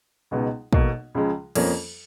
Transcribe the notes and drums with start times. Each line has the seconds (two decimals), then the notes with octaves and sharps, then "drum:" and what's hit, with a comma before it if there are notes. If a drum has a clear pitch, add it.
0.31 C#2 B2 G#3 B3 D#4
0.73 B1 B2 A#3, drum: kick
1.15 C#2 C#3 F3 G#3
1.55 F2 F3 A#3 C#4, drum: cymbal